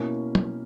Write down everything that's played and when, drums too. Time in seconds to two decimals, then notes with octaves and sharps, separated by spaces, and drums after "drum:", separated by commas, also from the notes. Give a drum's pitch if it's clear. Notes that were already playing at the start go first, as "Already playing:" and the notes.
Already playing: B2 A#3 C#4 E4
0.35 drum: tom